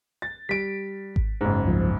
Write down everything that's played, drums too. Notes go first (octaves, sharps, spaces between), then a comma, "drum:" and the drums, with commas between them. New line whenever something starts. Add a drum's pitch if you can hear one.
A6
G3 B6 D7
drum: kick G#1
F#1 G#2
C2 F3